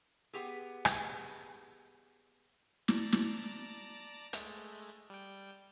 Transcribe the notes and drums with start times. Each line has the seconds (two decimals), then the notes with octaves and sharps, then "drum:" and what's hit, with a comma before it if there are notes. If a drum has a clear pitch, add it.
0.33 B3 G4 G#4
0.85 drum: rim click
2.88 D5 A5 A#5, drum: snare
3.12 drum: snare
4.33 G#3 A3, drum: hi-hat
5.10 G3 G5